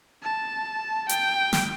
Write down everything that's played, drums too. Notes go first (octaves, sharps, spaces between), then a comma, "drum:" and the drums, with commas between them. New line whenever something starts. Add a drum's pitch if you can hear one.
A5
G5, drum: hi-hat
drum: snare